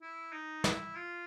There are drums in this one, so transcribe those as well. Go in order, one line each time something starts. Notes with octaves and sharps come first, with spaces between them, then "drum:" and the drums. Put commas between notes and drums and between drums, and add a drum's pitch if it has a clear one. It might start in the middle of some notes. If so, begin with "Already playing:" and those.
E4
D#4
E4, drum: snare
F4